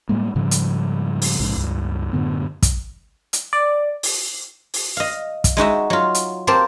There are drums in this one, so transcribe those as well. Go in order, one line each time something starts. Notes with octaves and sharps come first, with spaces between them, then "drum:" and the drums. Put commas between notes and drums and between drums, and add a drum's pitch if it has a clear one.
A2 G3 G#3 A#3
G#2 C#3 F3 G3
drum: hi-hat
drum: open hi-hat
A#1 G#2 C#3
C#2 G2
F#2 A2 D3 B3
drum: kick, hi-hat
drum: hi-hat
D5
drum: open hi-hat
drum: open hi-hat
D#5 F5
drum: kick, hi-hat
G#3 D#4 F#4 E5
F#3 F4
drum: hi-hat
A#3 C4 G4 C5 A5